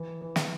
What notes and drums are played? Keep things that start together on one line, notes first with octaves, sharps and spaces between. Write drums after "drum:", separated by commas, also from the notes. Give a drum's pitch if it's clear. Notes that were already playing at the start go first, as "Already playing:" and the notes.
Already playing: E3
E3
drum: snare